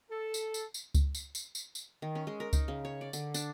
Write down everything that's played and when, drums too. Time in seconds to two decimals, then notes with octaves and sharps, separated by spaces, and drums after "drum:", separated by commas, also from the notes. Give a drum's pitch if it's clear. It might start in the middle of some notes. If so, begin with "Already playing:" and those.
0.11 A4
0.34 drum: tambourine
0.54 drum: tambourine
0.74 drum: tambourine
0.94 drum: kick C#2, tambourine
1.15 drum: tambourine
1.35 drum: tambourine
1.55 drum: tambourine
1.75 drum: tambourine
2.02 D#3
2.15 C#4
2.27 G#3
2.40 A#4
2.53 D#4, drum: kick C#2, tambourine
2.68 C#3
2.85 C#5
3.01 D5
3.13 D3, drum: tambourine
3.34 D4, drum: tambourine